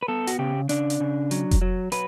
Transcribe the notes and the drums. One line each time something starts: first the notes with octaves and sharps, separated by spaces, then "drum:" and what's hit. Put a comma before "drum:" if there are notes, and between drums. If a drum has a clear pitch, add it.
B4
B3 A4
F#4, drum: hi-hat
C#3 G4
C#3 D4, drum: hi-hat
drum: hi-hat
C#3
F#3, drum: hi-hat
drum: kick F1, hi-hat
F#3
F#3 B4, drum: hi-hat